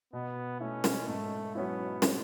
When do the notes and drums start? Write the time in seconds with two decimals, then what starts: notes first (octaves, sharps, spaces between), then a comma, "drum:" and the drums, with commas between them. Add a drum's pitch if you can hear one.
0.13 B2 B3
0.60 A3 C#4 E4
0.84 drum: snare
1.07 G#2 A3
1.55 F#3 B3 C#4 E4
2.02 drum: snare